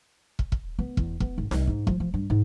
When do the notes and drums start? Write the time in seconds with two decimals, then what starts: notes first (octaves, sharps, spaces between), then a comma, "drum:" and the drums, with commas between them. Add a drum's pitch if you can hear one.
0.39 drum: kick
0.52 drum: kick
0.79 B3
0.97 E2, drum: kick
1.20 B3, drum: kick
1.38 G#1
1.51 C2, drum: snare D#4
1.67 G#2
1.87 F3, drum: kick
2.00 F3
2.14 G2
2.30 G#2